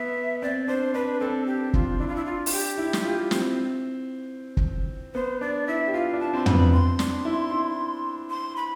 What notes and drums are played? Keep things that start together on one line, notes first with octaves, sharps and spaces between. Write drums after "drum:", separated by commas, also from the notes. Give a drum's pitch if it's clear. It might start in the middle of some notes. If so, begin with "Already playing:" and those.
Already playing: B3 E5
C4 D5
D4 C5
D4 B4
C4 A4
G4
F4, drum: kick
D4 E4
F4
E4
F4
F4, drum: open hi-hat
G4
E4
drum: snare
F4
C4, drum: snare
drum: kick
B3 C5
D4 D5
E4 E5
G4
F4 F5
D4
A5
C4 C6
B5, drum: tom
B3
C4 C6
D4, drum: snare
E4
E4
C6
B5